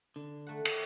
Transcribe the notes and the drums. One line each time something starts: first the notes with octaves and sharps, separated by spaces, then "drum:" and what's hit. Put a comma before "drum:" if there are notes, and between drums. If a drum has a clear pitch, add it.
D3
A3 F#5
drum: cymbal